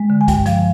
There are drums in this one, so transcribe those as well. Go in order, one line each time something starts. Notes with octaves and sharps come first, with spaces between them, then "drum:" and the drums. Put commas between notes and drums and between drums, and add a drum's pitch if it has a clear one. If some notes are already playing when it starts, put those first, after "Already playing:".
Already playing: G#3
D3
G#5
G2 G5, drum: kick B1, hi-hat
F3 F5, drum: hi-hat